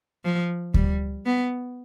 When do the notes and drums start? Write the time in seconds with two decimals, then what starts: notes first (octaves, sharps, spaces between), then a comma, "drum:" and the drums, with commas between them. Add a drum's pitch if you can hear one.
0.24 F3
0.74 G3, drum: kick D2
1.26 B3